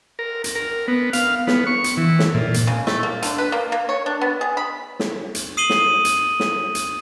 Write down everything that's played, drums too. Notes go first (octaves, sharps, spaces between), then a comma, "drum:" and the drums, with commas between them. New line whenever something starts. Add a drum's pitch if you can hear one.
A#4
drum: hi-hat
A#4
B3
F5, drum: hi-hat
B3, drum: snare
C#6
drum: hi-hat
E3
drum: snare
A#2
drum: hi-hat
C#3
A3, drum: snare
A#3
D3, drum: hi-hat
B4
A#3
A#3
C#5
D4
B3
G#4
B5
drum: snare
drum: hi-hat
D#6 C7 D#7 F#7 G7
drum: snare
drum: hi-hat
drum: snare
drum: hi-hat